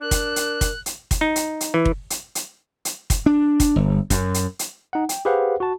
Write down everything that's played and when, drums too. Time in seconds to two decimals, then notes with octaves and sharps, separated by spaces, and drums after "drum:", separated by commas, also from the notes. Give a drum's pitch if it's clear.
0.01 D4 A#4 F#6
0.11 drum: kick, hi-hat
0.36 drum: hi-hat
0.61 drum: kick, hi-hat
0.86 drum: hi-hat
1.11 drum: kick, hi-hat
1.21 D#4
1.36 drum: hi-hat
1.61 drum: hi-hat
1.74 E3
1.85 drum: kick
2.10 drum: hi-hat
2.35 drum: hi-hat
2.85 drum: hi-hat
3.10 drum: kick, hi-hat
3.26 D4
3.60 drum: kick, hi-hat
3.76 G1
4.10 F#2, drum: kick, hi-hat
4.34 drum: hi-hat
4.59 drum: hi-hat
4.93 D#4 F#5
5.09 G5, drum: hi-hat
5.25 G4 G#4 B4 C5 F5 F#5
5.60 F#4 A5